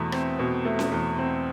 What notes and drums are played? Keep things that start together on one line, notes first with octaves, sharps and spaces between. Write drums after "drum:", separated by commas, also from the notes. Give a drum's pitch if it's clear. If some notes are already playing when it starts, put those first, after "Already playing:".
Already playing: E2 B2 A3
C4, drum: rim click
B2
A3
drum: snare C#4
E2
C4